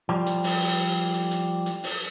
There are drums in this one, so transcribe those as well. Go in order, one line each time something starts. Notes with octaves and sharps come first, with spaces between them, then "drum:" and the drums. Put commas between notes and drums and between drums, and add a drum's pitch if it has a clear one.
F3 G3
drum: hi-hat
drum: open hi-hat
drum: open hi-hat
drum: hi-hat
drum: hi-hat
drum: hi-hat
drum: open hi-hat